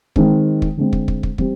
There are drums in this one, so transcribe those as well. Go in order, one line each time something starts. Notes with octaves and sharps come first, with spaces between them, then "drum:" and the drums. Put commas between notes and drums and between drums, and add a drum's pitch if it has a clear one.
D#3 G#3 C4, drum: kick
drum: kick
D3 G#3 C4
drum: kick
drum: kick
drum: kick
G3 C4 G4, drum: kick